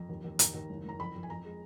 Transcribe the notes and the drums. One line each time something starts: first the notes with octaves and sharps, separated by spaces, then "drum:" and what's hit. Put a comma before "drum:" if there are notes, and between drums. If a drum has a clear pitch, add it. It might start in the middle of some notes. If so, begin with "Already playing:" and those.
Already playing: F2 A#5
D#2
D#2
D#2 A#5, drum: hi-hat
D#2
F#1
F#1 A#5
F2 B5
F2
G#5
F2 A#5
G#3